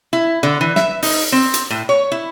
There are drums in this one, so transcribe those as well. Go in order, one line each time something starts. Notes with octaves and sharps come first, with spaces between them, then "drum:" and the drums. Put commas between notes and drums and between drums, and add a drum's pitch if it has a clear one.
E4
D3
E3
E5, drum: snare
D#4, drum: open hi-hat
C4
drum: hi-hat
A2
C#5
E4